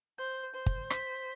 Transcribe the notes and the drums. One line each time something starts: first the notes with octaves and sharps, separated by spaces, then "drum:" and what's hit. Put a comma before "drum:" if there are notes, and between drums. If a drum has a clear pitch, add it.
C5 G6
C5
drum: kick G1
B6, drum: rim click